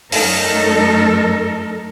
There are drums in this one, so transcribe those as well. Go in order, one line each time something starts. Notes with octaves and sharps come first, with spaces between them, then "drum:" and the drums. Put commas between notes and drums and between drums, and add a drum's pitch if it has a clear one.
F#2 A3 D#4 A4 A#4, drum: open hi-hat